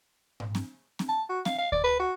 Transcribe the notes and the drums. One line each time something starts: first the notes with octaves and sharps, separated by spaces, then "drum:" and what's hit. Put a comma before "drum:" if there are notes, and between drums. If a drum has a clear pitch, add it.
drum: tom G#2
drum: snare C4
drum: snare C4
A5
F#4
F5, drum: snare C4
F5
D5, drum: kick D2
B4
F#4